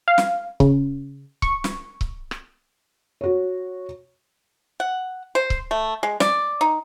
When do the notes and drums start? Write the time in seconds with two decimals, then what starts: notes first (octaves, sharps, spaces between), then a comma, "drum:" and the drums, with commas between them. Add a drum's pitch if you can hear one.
0.08 F5
0.18 drum: snare
0.60 C#3, drum: kick C#1
1.42 C#6, drum: kick C#1
1.64 drum: snare
2.01 drum: kick C#1
2.31 drum: rim click
3.21 F#4 C#5
4.80 F#5
5.35 C5
5.50 drum: kick C#1
5.71 A3
6.03 G#3
6.20 D5, drum: snare
6.61 D#4